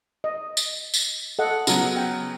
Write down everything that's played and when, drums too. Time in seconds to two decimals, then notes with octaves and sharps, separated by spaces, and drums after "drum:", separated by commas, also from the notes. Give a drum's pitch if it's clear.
0.24 D#5
0.57 drum: tambourine
0.94 drum: tambourine
1.39 A4 D#5 F#5
1.67 C#3 F#3 B3, drum: tambourine
1.96 G5